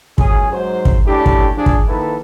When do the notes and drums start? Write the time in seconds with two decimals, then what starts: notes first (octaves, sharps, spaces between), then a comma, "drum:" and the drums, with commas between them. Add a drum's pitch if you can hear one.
0.18 C#2 F#2 C#4 G#4, drum: kick
0.52 G#2 F#3 C5
0.85 drum: kick
1.06 A3 C#4 D4 E4 G4
1.26 drum: kick
1.57 F3 D4 G#4
1.66 drum: kick
1.88 D#3 F3 A#3 E4 A4 B4